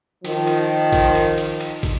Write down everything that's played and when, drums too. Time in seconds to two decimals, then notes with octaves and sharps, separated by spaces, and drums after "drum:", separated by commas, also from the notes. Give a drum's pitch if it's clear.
0.25 D#3 F3, drum: cymbal
0.47 drum: cymbal
0.93 drum: kick, cymbal
1.15 drum: cymbal
1.38 drum: cymbal
1.60 drum: cymbal
1.83 drum: kick, cymbal